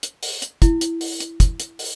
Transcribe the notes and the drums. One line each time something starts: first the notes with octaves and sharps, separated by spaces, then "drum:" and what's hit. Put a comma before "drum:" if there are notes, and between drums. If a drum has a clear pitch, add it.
drum: hi-hat
drum: open hi-hat
drum: hi-hat
E4, drum: kick, hi-hat
drum: hi-hat
drum: open hi-hat
drum: hi-hat
drum: kick, hi-hat
drum: hi-hat
drum: open hi-hat